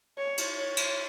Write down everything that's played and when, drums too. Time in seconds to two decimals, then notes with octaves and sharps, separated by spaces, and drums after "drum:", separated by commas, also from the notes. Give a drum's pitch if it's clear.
0.18 C#5
0.37 drum: cymbal
0.58 C#5
0.77 drum: cymbal